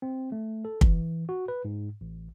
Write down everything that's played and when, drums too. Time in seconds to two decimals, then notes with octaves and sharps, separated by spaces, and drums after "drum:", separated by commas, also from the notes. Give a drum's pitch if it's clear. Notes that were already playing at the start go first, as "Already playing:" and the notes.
0.02 C4
0.32 A3
0.65 A4
0.81 E3, drum: kick
1.29 F#4
1.48 B4
1.65 G#2
2.01 A1